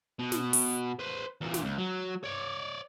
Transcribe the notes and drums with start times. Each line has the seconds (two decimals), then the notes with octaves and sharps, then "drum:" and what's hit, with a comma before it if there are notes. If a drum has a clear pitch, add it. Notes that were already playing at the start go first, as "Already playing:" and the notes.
0.19 B2
0.32 drum: snare
0.53 drum: open hi-hat
0.99 B4 C5
1.41 E2 A#2
1.54 drum: snare
1.64 C#2
1.78 F#3
2.23 C#5 D5